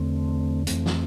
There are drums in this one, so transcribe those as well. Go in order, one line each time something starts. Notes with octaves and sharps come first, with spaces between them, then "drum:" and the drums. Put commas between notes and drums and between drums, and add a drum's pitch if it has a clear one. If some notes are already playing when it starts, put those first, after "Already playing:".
Already playing: E2 D3 A3 C4
F2 E3 A3 C4, drum: hi-hat
drum: snare